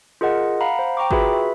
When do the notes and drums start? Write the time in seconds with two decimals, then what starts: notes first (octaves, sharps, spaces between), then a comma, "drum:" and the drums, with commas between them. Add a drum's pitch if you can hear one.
0.21 F4 G#4 A#4 D#5 F#5
0.61 F5 F#5 A#5 B5
0.79 C5
0.97 G5 A#5 C#6 D6
1.11 F4 F#4 G#4 B4 E5 B5, drum: kick
1.32 B4 E5